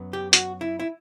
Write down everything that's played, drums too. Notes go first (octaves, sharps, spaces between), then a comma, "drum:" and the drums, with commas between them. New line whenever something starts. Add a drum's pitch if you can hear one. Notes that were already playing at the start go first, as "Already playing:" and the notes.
Already playing: F#2 F#3 B3
G4
F#4, drum: hi-hat
E4
E4